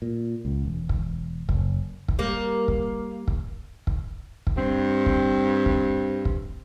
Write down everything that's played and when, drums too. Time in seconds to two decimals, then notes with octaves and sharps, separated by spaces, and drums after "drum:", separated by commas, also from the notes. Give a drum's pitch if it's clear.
0.02 A#2
0.45 C#2
0.65 E1
0.89 drum: kick
1.49 F#1, drum: kick
2.08 drum: kick
2.19 G3 A#3
2.68 drum: kick
3.28 drum: kick
3.87 drum: kick
4.47 drum: kick
4.57 G2 C4
5.06 drum: kick
5.66 drum: kick
6.25 drum: kick